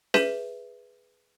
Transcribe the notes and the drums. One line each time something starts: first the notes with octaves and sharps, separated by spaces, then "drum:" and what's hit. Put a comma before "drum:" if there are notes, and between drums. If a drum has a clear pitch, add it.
G#4 B4 E5 G6 B6 D#7, drum: snare C#4